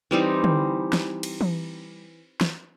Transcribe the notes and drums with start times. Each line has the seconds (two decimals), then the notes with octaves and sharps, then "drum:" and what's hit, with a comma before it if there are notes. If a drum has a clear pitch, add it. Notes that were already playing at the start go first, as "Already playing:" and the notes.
0.11 E3 G3 C4 D#4
0.44 drum: tom D3
0.93 drum: snare
1.23 drum: cymbal
1.41 drum: tom E3
2.41 drum: snare